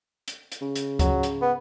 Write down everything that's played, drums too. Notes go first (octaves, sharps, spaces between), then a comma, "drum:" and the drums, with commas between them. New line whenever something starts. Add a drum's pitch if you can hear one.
drum: hi-hat
drum: hi-hat
C#3
drum: hi-hat
F#3, drum: kick C#2, hi-hat
drum: hi-hat
B3